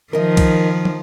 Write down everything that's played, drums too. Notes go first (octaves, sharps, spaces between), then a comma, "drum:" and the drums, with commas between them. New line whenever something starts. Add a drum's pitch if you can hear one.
D#3 F3 D#4 A#4
drum: kick C2, cymbal
drum: tom